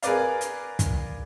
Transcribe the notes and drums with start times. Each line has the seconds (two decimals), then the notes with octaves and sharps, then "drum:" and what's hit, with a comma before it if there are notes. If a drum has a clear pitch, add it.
0.03 G#4 A#4 B4 D5 F5, drum: hi-hat
0.41 drum: hi-hat
0.79 drum: kick, hi-hat